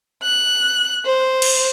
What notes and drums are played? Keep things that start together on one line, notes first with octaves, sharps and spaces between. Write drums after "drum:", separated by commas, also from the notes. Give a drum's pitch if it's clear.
F#6
C5
drum: cymbal